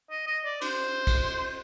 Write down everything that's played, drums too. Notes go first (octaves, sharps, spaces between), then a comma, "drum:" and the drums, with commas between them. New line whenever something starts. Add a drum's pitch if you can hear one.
D#5
D#5
D5
C5, drum: cymbal
drum: kick, cymbal